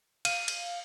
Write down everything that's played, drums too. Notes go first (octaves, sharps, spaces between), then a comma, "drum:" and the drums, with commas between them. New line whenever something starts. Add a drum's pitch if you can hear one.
F5 D#7, drum: cymbal
drum: cymbal